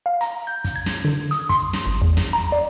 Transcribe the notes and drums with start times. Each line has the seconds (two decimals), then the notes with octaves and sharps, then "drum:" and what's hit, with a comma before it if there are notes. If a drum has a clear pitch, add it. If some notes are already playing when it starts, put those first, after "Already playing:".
0.06 F5
0.21 A#5, drum: hi-hat
0.47 G6
0.64 drum: kick, hi-hat
0.76 G#6
0.86 drum: snare
1.05 D3
1.31 D#6, drum: hi-hat
1.49 C6, drum: kick, hi-hat
1.73 drum: snare
1.86 G#1
2.02 E2
2.17 drum: snare
2.33 A#5
2.52 D5